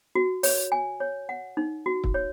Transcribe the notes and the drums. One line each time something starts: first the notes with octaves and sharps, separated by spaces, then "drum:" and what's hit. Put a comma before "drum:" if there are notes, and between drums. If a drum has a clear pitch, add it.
F#4
C#5, drum: open hi-hat
G#5
C#5
F#5
D#4
F#4
drum: kick
C#5